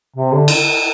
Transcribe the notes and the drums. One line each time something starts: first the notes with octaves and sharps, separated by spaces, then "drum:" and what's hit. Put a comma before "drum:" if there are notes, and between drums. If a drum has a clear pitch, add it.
C3
D3
drum: cymbal